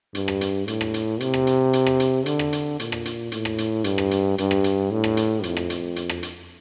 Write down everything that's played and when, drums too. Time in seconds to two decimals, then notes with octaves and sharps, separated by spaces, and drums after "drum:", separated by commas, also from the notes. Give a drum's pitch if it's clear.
0.15 G2, drum: hi-hat
0.28 drum: rim click
0.41 drum: hi-hat
0.68 A2, drum: hi-hat
0.81 drum: rim click
0.94 drum: hi-hat
1.20 C3, drum: hi-hat
1.34 drum: rim click
1.47 drum: hi-hat
1.73 drum: hi-hat
1.86 drum: rim click
2.00 drum: hi-hat
2.26 D3, drum: hi-hat
2.39 drum: rim click
2.53 drum: hi-hat
2.80 A#2, drum: hi-hat
2.92 drum: rim click
3.05 drum: hi-hat
3.32 A2, drum: hi-hat
3.45 drum: rim click
3.58 drum: hi-hat
3.84 G2, drum: hi-hat
3.98 drum: rim click
4.11 drum: hi-hat
4.38 G2, drum: hi-hat
4.51 drum: rim click
4.64 drum: hi-hat
4.91 A2
5.04 drum: rim click
5.17 drum: hi-hat
5.43 F2, drum: hi-hat
5.57 drum: rim click
5.70 drum: hi-hat
5.96 drum: hi-hat
6.09 drum: rim click
6.23 drum: hi-hat